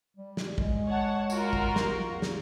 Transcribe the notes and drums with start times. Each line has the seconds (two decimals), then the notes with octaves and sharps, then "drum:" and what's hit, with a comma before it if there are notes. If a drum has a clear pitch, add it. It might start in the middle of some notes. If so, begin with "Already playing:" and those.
0.17 G3
0.37 drum: snare
0.58 G#3, drum: kick
0.88 C#5 F#5 A5
1.30 F4 F#4 A#4, drum: tambourine
1.53 drum: kick
1.76 drum: snare
2.05 E2
2.22 drum: snare